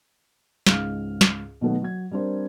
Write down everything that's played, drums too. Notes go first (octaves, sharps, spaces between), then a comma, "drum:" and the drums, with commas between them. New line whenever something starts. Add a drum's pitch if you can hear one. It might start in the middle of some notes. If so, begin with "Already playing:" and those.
C#2 G#2 F5 F6, drum: snare
drum: snare
B2 D#3 F#3 A3 B3
F#3 G#6
G3 C4 D4 A#4 C5